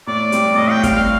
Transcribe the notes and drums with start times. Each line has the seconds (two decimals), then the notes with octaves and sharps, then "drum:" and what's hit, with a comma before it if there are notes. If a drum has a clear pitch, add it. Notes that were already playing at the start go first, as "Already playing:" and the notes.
0.07 A2 D5
0.32 G3 C4, drum: hi-hat
0.58 A2 D#5
0.71 G5
0.83 G3 C4 F5, drum: kick, hi-hat
0.95 F5